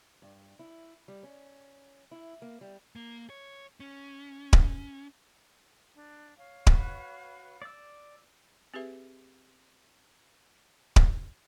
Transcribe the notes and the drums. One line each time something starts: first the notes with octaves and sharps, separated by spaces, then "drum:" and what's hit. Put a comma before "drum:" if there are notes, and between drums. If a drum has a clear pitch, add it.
G2
E4
G3
C#4
E4
A#3
G3
A#3
C#5
C#4
drum: kick D1
D4
C#5 F5
F#4 B4, drum: kick D1
D5 E6
C4 G4 G#4 B4 E5
drum: kick D1